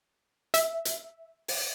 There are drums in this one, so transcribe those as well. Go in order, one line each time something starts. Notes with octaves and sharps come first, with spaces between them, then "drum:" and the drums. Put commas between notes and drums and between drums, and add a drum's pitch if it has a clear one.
E5, drum: hi-hat
drum: hi-hat
drum: open hi-hat